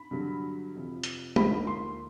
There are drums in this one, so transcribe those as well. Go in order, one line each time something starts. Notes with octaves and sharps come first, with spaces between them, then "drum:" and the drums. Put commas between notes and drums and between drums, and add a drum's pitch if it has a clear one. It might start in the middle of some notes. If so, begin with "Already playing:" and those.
Already playing: B5
G2 D3 F#3
F2 C3 F3
drum: hi-hat
D2 D3 F3 A#3 D#4 B5, drum: tom G#3
C6